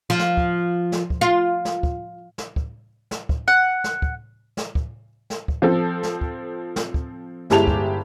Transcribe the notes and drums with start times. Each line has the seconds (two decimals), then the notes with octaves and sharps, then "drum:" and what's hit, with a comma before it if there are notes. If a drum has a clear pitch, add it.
0.10 F3
0.19 drum: snare
0.37 drum: kick
0.92 drum: snare
1.10 drum: kick
1.21 F4
1.65 drum: snare
1.83 drum: kick
2.38 drum: snare
2.56 drum: kick
3.11 drum: snare
3.29 drum: kick
3.48 F#5
3.84 drum: snare
4.02 drum: kick
4.57 drum: snare
4.75 drum: kick
5.30 drum: snare
5.48 drum: kick
5.62 F3 C4 A4
6.03 drum: snare
6.21 drum: kick
6.76 drum: snare
6.94 drum: kick
7.50 G1 G#3 E4 G4 A5 F7, drum: snare
7.67 drum: kick